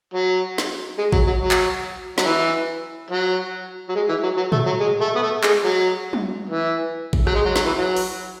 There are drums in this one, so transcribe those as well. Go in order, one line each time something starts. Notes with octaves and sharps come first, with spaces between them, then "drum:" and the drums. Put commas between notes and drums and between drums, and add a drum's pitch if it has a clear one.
F#3
drum: snare
G#3
F#3, drum: kick A1
F#3
F#3
drum: clap
F#3, drum: snare
E3
F#3
F#3
G#3
E3
F#3
F#3
A3, drum: tom A2
F#3
G#3
A3
B3
A3
G#3, drum: clap
F#3
drum: tom F#3
E3
drum: kick A1
F#3, drum: rim click
G#3
F#3
F#3, drum: snare
E3
F#3
drum: open hi-hat